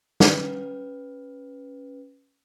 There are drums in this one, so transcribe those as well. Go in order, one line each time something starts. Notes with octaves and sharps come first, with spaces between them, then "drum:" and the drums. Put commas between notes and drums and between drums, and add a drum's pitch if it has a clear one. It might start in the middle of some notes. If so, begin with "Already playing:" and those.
C#4 B4, drum: snare